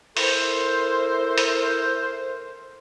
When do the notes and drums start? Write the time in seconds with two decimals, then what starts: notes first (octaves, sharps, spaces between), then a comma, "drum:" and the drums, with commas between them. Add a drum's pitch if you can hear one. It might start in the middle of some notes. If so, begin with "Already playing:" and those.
0.17 E4 A4 A#4 C5, drum: open hi-hat
1.38 drum: hi-hat